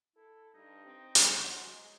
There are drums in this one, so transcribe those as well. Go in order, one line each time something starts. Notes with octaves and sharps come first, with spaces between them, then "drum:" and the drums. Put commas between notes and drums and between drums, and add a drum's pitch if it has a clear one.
E4 A4
G2 D#4
C4
drum: hi-hat
F#3 C5
G#3